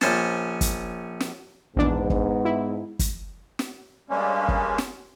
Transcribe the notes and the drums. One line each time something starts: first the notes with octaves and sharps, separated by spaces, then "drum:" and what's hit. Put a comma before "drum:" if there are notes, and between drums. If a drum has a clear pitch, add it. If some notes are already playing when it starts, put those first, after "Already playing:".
A#1 C#4 C5 C#5 A5, drum: snare
drum: kick, hi-hat
drum: snare
A#1 E2 G#2 B3 D4
drum: kick
E4
drum: kick, hi-hat
drum: snare
G2 G3 G#3 A#3 C#4
drum: kick
drum: snare